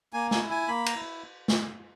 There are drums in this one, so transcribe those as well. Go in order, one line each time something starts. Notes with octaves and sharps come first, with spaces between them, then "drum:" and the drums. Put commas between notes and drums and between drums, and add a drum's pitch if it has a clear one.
A#3 G#5
G#5, drum: snare
E4
G#5
A#3 B5
A#5, drum: cymbal
E4
drum: snare